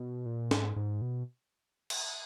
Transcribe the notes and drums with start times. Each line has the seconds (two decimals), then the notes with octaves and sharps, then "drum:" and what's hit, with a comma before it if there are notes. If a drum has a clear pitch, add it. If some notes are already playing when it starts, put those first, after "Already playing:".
Already playing: B2
0.26 A#2
0.51 G#2, drum: snare
0.76 G#2
1.02 B2
1.90 drum: cymbal